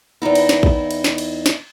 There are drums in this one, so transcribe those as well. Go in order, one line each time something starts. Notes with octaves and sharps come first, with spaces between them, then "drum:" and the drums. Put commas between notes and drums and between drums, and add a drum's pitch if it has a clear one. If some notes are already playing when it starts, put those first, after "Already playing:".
E2 C4 D#4 E4
drum: cymbal
drum: snare
drum: kick
drum: cymbal
drum: snare
drum: cymbal
drum: snare